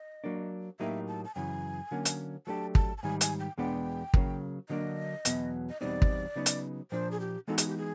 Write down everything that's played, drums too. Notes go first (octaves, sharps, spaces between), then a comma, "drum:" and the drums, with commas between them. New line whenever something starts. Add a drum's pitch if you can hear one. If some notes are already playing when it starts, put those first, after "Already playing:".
Already playing: D#5
F#3 A#3 D4
A2 F#3 A#3 D#4 G4 E5
A5
A5
F#2 C#3 E3 G#5
D3 F#3 A#3 C#4
drum: hi-hat
F#3 A3 D4 G4 A5
A5, drum: kick
A5
G#2 D#3 G3 G#5
G#5, drum: hi-hat
G5
E2 B2 G#3 B3 D4 G5
C#3 F#3 A#3, drum: kick
D3 F#3 A#3 D4 D#5
E2 B2 F#3 B3, drum: hi-hat
D#5
E2 B2 G3 C4 D#4 D5
drum: kick
C#3 F#3 B3 D#4
drum: hi-hat
A#2 F3 A#3 D4 C5
G#4
G4
E3 G#3 B3 D#4 F#4 A4
G#4, drum: hi-hat
G4
G#4